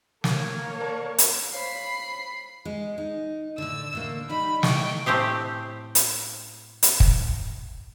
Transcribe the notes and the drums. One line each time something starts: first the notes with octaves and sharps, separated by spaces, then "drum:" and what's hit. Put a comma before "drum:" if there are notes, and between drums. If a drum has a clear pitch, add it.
A#3 C#5, drum: snare
A#4 D5 A5
drum: hi-hat
C5 C#5 F5 B5 C7
G#3
D#4
A2 D3 E6
A2 D3 A#3
G3 D#4 B5
D#3 D#4 E4 G5 C#6, drum: snare
A2 A3 C4 G4 G#4
drum: hi-hat
drum: hi-hat
drum: kick